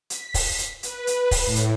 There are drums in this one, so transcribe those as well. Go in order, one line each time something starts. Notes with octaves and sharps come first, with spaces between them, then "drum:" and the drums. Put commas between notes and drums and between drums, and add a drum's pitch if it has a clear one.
B6, drum: hi-hat
drum: kick, open hi-hat
drum: hi-hat
B4, drum: hi-hat
drum: hi-hat
drum: kick, open hi-hat
A2
drum: hi-hat